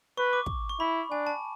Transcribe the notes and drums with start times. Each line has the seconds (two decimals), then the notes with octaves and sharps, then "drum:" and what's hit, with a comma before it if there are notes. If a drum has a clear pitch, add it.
0.18 B4 C#6
0.33 D6
0.46 drum: kick
0.69 C#6
0.80 E4 B5
1.10 D4 G#5
1.27 A5